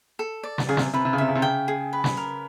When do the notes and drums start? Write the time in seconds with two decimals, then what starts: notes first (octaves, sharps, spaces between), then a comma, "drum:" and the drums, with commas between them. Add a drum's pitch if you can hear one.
0.19 A4
0.43 D5
0.58 drum: snare
0.69 C#3 G#4
0.77 C3, drum: snare
0.93 C3 B4
1.05 C3
1.13 C#3
1.18 C3 E5
1.28 C#3
1.35 C3
1.42 C#3 G5
1.68 G#4
1.93 B4
2.04 drum: snare
2.17 A#4